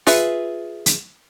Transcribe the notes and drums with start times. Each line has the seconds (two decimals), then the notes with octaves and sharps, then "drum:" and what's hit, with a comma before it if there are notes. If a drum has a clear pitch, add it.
0.07 F4 G#4 B4 E5, drum: open hi-hat
0.86 drum: hi-hat